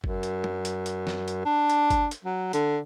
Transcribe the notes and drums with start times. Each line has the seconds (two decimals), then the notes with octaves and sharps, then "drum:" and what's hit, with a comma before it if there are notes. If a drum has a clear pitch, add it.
0.04 F#2, drum: kick G1
0.23 drum: hi-hat
0.44 drum: tom F#3
0.65 drum: hi-hat
0.86 drum: hi-hat
1.07 drum: snare
1.28 drum: hi-hat
1.45 D4
1.70 drum: hi-hat
1.90 drum: kick G1, hi-hat
2.11 drum: hi-hat
2.25 F#3
2.53 D3, drum: hi-hat